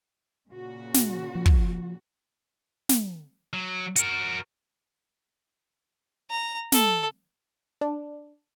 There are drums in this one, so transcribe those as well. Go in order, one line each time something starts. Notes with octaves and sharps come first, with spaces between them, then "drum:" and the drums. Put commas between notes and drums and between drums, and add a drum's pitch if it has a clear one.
A#2 C#3 F#4
drum: snare
F3
drum: kick
drum: snare
F#3
F#4 A#4, drum: hi-hat
A#5
A4, drum: snare
D4